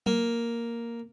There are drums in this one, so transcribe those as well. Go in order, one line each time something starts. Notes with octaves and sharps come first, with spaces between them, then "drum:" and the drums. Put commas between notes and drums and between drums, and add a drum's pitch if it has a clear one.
A#3, drum: tom F#3